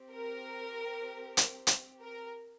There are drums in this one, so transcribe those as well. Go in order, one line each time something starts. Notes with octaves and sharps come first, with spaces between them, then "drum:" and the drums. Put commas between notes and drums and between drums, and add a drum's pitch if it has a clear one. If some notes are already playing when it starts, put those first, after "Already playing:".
Already playing: C4 G4
A#4
drum: hi-hat
drum: hi-hat
A#4